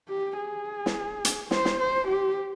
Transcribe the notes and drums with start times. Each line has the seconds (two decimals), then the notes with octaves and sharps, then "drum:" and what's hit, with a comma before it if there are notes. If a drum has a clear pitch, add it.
0.08 G4
0.37 G#4
0.86 drum: snare
1.25 drum: hi-hat
1.51 C5, drum: snare
1.65 drum: snare
1.80 C5
2.08 G4